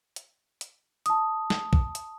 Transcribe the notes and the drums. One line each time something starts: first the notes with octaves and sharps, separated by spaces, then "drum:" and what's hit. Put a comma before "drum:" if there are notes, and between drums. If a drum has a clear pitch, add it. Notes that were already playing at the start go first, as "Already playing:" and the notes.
drum: hi-hat
drum: hi-hat
A5 D#6, drum: hi-hat
drum: snare
drum: kick
drum: hi-hat